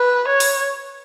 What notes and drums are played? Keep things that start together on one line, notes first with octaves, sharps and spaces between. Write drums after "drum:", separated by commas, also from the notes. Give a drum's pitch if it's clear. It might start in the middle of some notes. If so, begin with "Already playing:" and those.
Already playing: B4
C#5
drum: open hi-hat